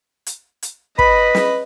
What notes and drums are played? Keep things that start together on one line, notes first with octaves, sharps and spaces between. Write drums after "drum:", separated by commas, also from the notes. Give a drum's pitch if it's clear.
drum: hi-hat
drum: hi-hat
B4 D#5 B5, drum: kick
drum: snare